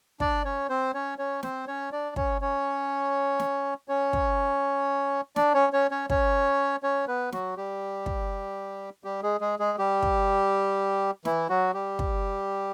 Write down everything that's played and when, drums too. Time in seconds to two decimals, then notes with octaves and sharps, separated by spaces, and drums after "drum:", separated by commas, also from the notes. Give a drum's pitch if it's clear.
0.20 D4 D5, drum: kick
0.45 C#4 C#5
0.69 C4 C5
0.94 C#4 C#5
1.18 C#4 C#5
1.43 C4 C5, drum: snare
1.67 C#4 C#5
1.92 D4 D5
2.16 C#4 C#5, drum: kick
2.41 C#4 C#5
3.39 drum: snare
3.88 C#4 C#5
4.13 drum: kick
5.36 D4 D5, drum: snare
5.54 C#4 C#5
5.73 C#4 C#5
5.91 C#4 C#5
6.10 C#4 C#5, drum: kick
6.83 C#4 C#5
7.08 B3 B4
7.32 F#3 F#4, drum: snare
7.57 G3 G4
8.06 drum: kick
9.04 G3 G4
9.23 G#3 G#4
9.40 G#3 G#4
9.59 G#3 G#4
9.78 G3 G4
10.02 drum: kick
11.25 E3 E4, drum: snare
11.49 F#3 F#4
11.74 G3 G4
11.99 drum: kick